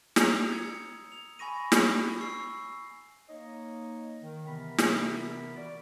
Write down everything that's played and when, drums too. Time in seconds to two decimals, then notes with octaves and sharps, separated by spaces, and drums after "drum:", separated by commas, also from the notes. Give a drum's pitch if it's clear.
0.16 A#5 D#6 E6 F7, drum: snare
0.52 G#6 C#7
1.12 F7
1.39 G#5 B5 C#6 A#6 D#7
1.72 drum: snare
2.21 C#6 E6 C7
3.29 A#3 D#4 C#5 D#5
4.23 D#3
4.46 C3 E3 B3 A#4 B5
4.78 drum: snare
5.55 F#4 D5